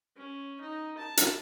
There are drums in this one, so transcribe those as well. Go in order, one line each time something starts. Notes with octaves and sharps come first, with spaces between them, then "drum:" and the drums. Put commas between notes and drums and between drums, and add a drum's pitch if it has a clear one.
C#4
D#4
A5
drum: hi-hat